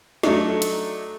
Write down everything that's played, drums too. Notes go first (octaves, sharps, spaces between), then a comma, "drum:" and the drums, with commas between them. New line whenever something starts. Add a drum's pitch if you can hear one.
F#3 A3 D4 D#4, drum: snare
drum: hi-hat